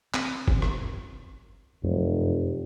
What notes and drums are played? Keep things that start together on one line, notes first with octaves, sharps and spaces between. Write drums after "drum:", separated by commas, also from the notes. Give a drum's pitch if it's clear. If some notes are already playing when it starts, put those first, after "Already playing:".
C4, drum: clap
drum: kick G1
drum: rim click
F1 F#2 F#3